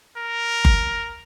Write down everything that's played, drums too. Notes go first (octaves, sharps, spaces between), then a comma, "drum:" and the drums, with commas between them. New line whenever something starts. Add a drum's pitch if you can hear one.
A#4
drum: kick F#1